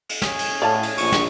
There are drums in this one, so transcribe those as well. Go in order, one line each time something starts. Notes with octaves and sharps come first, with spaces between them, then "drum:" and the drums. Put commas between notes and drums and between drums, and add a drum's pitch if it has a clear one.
drum: cymbal
C#4 G#4 G#5, drum: snare
drum: cymbal
A2 D5 F5 A5
drum: cymbal
A#1 C#6, drum: cymbal
drum: snare